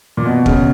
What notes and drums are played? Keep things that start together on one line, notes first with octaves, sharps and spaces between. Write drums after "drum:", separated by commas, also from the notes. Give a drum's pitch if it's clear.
A#2
B2
C#3, drum: kick